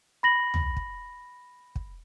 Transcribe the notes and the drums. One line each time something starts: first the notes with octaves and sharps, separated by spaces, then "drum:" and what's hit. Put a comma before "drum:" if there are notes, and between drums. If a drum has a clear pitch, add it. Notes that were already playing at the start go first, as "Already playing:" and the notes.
B5 A#6 F#7
drum: tom
drum: kick
drum: kick